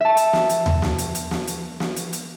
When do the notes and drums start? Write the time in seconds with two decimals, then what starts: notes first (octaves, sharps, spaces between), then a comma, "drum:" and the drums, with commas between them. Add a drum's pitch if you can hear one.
0.01 E5 A5
0.17 drum: hi-hat
0.33 drum: snare
0.50 drum: hi-hat
0.66 drum: tom D#2
0.82 drum: snare
0.99 drum: hi-hat
1.15 drum: hi-hat
1.31 drum: snare
1.47 drum: hi-hat
1.80 drum: snare
1.96 drum: hi-hat
2.13 drum: hi-hat